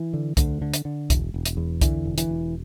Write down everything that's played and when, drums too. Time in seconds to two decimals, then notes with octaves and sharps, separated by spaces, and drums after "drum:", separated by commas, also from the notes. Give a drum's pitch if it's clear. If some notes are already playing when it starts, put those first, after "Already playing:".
Already playing: E3
0.13 D3
0.37 D2 D3, drum: kick C2, hi-hat
0.62 D3
0.74 drum: hi-hat
0.85 D3
1.10 E1, drum: kick C2, hi-hat
1.34 E1
1.45 drum: hi-hat
1.57 E2
1.81 D3 E3, drum: kick C2, hi-hat
2.05 E1
2.18 E3, drum: hi-hat
2.29 E1